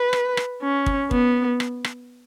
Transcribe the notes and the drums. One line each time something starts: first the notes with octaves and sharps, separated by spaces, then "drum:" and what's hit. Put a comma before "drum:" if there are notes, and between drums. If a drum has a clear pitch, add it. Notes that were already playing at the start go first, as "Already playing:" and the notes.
Already playing: B4
drum: rim click
drum: rim click
C#4
drum: kick
B3, drum: kick
drum: rim click
drum: rim click